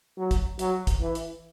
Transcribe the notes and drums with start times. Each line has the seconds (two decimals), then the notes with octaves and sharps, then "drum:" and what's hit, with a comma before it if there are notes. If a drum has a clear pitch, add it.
0.17 F#3
0.31 drum: kick, hi-hat
0.59 F#3, drum: hi-hat
0.87 drum: kick, hi-hat
1.01 E3
1.15 drum: hi-hat